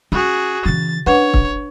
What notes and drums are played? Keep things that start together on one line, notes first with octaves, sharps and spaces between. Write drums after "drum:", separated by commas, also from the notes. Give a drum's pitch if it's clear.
C#4 F#4 G#4
C#3 E3 A6
C#4 D4 B4 C#5 F#5
drum: kick